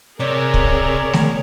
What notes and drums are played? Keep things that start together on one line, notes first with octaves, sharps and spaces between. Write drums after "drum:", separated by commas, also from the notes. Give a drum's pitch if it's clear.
C3 G#4 A#4 C#5 D5
drum: kick
drum: snare A3